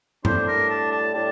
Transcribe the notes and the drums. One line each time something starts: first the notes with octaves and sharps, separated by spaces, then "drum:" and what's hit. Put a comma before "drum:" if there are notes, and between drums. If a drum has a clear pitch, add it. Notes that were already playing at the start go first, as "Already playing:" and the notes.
A2 G3 D4 C5, drum: tom G2
A#4
A5
A5
A2 G3 D4 A5